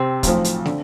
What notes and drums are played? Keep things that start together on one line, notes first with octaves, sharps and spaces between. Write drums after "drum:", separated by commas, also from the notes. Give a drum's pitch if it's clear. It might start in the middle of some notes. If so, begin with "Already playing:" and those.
Already playing: C3 C4
B1 A2 F3, drum: kick, hi-hat
drum: hi-hat
D3, drum: snare